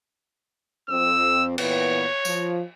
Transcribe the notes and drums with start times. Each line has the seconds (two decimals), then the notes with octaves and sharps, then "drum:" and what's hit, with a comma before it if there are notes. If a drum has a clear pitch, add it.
0.89 F2 C4 E6
1.58 A#2 E3 B3 C#5, drum: cymbal
2.25 F3, drum: tambourine